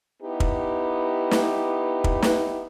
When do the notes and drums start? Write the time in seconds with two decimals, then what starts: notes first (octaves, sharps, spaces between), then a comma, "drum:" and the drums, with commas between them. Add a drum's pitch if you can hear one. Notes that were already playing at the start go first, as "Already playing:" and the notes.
0.22 B3 D#4 E4 G4
0.40 drum: kick
1.31 drum: snare
2.04 drum: kick
2.22 drum: snare